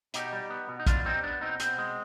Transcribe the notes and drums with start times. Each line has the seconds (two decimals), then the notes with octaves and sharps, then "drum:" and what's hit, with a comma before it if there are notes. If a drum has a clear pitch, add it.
0.14 B2 D#4 G4, drum: hi-hat
0.33 G3
0.50 B3
0.69 B2
0.79 D#4
0.86 B2 D4 F4, drum: kick, hi-hat
1.05 G3 C4 D#4
1.23 B3 D4
1.41 B2 C4 D#4
1.60 B2 C4, drum: hi-hat
1.78 G#3